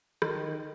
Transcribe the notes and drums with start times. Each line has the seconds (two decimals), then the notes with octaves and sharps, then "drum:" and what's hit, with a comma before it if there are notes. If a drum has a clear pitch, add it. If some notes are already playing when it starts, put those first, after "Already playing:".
0.22 D#3, drum: rim click